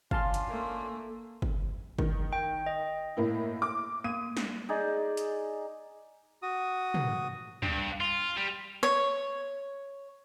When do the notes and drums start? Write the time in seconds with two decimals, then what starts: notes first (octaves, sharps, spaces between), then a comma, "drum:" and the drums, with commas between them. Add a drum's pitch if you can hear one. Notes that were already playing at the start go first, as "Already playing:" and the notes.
0.11 C#4 D4 F4 F5 A5 C6, drum: kick
0.34 drum: hi-hat
0.48 A3 A#3
1.42 drum: kick
1.99 D#3, drum: kick
2.33 G5
2.66 D#5
3.17 A2 A#3 E4
3.62 D6
4.04 A#3 D#7
4.37 drum: snare
4.69 D#4 G#4 D5
5.17 drum: hi-hat
6.42 F#4 D#6
6.94 drum: tom
7.63 G2, drum: tom
8.00 F4
8.37 G3
8.83 C#5